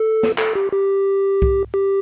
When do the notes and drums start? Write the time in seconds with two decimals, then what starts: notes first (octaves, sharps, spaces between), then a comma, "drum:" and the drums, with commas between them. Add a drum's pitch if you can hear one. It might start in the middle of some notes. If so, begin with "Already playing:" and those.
Already playing: A4
0.23 drum: snare
0.38 A4, drum: clap
0.55 G4
0.72 G4
1.42 drum: kick C2
1.74 G4